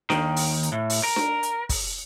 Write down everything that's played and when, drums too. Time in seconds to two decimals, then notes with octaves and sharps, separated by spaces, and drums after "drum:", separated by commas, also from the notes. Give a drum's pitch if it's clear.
0.10 D#2 D#3, drum: snare D4
0.36 drum: open hi-hat
0.63 drum: hi-hat
0.72 A2
0.90 drum: open hi-hat
1.03 A#4
1.16 drum: snare D4
1.43 drum: hi-hat
1.69 drum: kick, open hi-hat